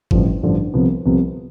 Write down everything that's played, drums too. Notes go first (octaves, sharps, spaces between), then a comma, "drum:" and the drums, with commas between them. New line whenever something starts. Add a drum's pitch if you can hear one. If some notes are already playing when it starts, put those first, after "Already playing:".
A1 G2 D3 F3, drum: kick G1
A1 G2 D3 F3
C2 C3 F3 B3
C2 C3 F3 B3